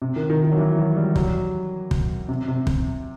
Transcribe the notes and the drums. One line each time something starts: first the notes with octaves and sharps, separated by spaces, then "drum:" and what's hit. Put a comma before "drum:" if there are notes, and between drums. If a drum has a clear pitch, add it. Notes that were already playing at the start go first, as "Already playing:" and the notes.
C3
D#3
D#3
D#3
F#3
E3
F#3
G3
F#3, drum: kick
drum: kick
C3
C3
drum: kick